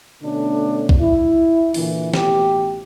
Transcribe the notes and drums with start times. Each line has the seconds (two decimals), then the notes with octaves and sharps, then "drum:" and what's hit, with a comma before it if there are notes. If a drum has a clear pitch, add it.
0.22 B2 D3 A3 C#4 D4
0.89 drum: kick B1
0.99 E4
1.74 A#2 D3 E3, drum: open hi-hat
2.14 A1 B2 G4, drum: snare